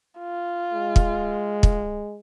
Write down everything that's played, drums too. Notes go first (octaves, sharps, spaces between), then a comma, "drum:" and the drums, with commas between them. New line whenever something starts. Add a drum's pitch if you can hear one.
F4
G#3
drum: kick
drum: kick